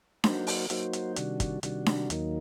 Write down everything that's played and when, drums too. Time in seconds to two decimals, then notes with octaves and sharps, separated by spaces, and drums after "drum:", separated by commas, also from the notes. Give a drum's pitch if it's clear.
0.24 F#3 A#3 D#4 F#4 C5, drum: snare D4
0.47 drum: open hi-hat
0.70 F#3 A#3 D#4 F#4 C5, drum: hi-hat
0.93 drum: hi-hat
1.16 C3 D#3 G3 D4 F#4, drum: hi-hat
1.40 drum: kick, hi-hat
1.63 C3 D#3 G3 D4 F#4, drum: hi-hat
1.86 drum: snare D4
2.10 D#2 D#3 F#3 A#3 D#4, drum: hi-hat